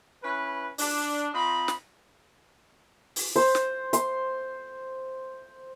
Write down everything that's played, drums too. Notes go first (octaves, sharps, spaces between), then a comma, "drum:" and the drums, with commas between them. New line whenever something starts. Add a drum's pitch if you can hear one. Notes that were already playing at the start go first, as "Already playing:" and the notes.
C#4 E4 B4
D4, drum: open hi-hat
C4 F4 D#5 A#5 B5
drum: snare
drum: open hi-hat
C5
drum: snare
C6, drum: hi-hat